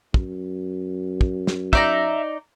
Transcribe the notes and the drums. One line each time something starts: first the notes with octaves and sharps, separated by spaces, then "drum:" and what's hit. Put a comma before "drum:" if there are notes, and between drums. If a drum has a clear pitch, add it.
F#2, drum: kick
drum: kick
drum: snare
D#4 D5 E5 A#5, drum: kick